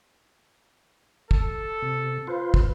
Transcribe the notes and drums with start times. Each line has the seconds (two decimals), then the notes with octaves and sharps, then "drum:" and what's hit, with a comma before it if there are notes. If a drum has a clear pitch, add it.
1.31 A4, drum: kick
1.82 C3
2.27 F4 B4 C5
2.54 drum: kick